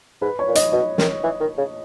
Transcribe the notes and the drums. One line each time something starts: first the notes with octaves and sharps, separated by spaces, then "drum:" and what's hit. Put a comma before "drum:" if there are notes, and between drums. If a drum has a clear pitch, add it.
G#2 B4
C#5
A#2
D#5, drum: hi-hat
B2 D#5
D#3, drum: snare
E3
D#3
C#3